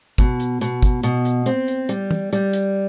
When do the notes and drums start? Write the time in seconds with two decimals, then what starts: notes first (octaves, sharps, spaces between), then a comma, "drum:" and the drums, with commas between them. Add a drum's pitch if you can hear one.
0.18 B2, drum: kick, hi-hat
0.40 drum: hi-hat
0.61 B2, drum: hi-hat
0.83 drum: kick, hi-hat
1.03 B2, drum: hi-hat
1.25 drum: hi-hat
1.46 C4, drum: hi-hat
1.68 drum: hi-hat
1.89 G3, drum: hi-hat
2.11 drum: tom
2.33 G3, drum: hi-hat
2.53 drum: hi-hat